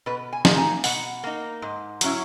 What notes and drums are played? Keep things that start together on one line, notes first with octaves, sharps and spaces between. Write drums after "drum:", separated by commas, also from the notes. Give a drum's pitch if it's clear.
B2 B4
G#5
A#3 D#4, drum: snare
G#5
B2 F#5, drum: open hi-hat
A#3 D#4
G#2
F#3 C#4 E4, drum: hi-hat